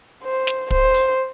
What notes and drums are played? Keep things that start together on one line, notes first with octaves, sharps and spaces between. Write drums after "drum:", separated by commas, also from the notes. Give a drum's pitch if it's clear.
C5
drum: snare
C5, drum: kick
drum: hi-hat